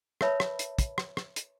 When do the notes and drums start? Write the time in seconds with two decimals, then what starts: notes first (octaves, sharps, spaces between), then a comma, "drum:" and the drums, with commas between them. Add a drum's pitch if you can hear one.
0.21 A#4 B4 C#5 E5 A5 B5, drum: rim click
0.40 drum: rim click
0.59 drum: hi-hat
0.79 drum: kick, hi-hat
0.98 drum: rim click
1.17 drum: rim click
1.36 drum: hi-hat